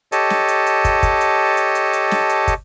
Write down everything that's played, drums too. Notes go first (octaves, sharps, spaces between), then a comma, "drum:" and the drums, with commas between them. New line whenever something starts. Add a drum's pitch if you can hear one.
G4 A4 C#5 D#5 A5, drum: hi-hat
drum: snare
drum: hi-hat
drum: hi-hat
drum: kick, hi-hat
drum: kick, hi-hat
drum: hi-hat
drum: hi-hat
drum: hi-hat
drum: hi-hat
drum: snare
drum: hi-hat
drum: kick, hi-hat